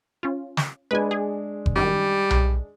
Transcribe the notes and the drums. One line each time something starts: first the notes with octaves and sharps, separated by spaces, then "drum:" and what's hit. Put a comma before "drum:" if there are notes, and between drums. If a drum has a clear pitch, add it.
C#4 F4
drum: snare
G#3 D4 B4 G#5
G#4
drum: kick F#1
F#2 D#3 G3
drum: tom B1